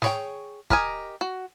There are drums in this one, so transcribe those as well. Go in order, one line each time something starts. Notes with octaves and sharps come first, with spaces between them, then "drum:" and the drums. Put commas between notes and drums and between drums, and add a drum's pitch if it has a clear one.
G#4 C#5 G5, drum: snare
G4 A#4 D#5 G#5, drum: kick
F#4